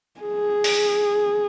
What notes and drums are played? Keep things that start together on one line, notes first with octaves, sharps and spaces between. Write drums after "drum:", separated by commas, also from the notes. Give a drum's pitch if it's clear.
G#4
drum: open hi-hat